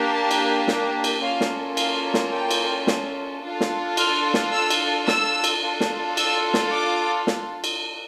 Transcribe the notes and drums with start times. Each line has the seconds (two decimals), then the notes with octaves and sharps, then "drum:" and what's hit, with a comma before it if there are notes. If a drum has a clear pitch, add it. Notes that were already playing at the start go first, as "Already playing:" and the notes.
Already playing: A#3 D4 G4
0.13 A5
0.31 drum: cymbal
0.68 G5, drum: snare
1.04 drum: cymbal
1.22 A#3 C#4 F4 A4 F5
1.41 drum: snare
1.77 F5, drum: cymbal
2.14 drum: snare
2.32 G5
2.51 drum: cymbal
2.87 drum: snare
3.42 D4 F4 A4
3.61 drum: snare
3.97 F6, drum: cymbal
4.34 drum: snare
4.52 E6
4.70 drum: cymbal
5.08 E6, drum: snare
5.44 drum: cymbal
5.62 D4 F4 A4
5.80 drum: snare
6.17 E6, drum: cymbal
6.54 drum: snare
6.72 D6
7.27 drum: snare
7.64 drum: cymbal